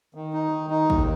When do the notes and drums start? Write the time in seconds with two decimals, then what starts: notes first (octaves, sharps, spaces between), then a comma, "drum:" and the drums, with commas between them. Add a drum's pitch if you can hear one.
0.14 D#3
0.33 D#4
0.52 D#3
0.70 D#4
0.90 D#2, drum: kick A1